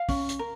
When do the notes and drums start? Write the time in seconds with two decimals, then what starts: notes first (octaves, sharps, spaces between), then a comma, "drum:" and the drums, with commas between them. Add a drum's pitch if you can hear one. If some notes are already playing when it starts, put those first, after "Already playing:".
Already playing: F5
0.09 C#4, drum: kick, open hi-hat
0.29 drum: hi-hat
0.39 A#4